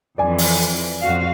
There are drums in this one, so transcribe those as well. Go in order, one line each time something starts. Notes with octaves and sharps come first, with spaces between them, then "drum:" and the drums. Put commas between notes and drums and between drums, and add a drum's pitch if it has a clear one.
F2 E3 D5 G#5
drum: open hi-hat
F2 F#4 F5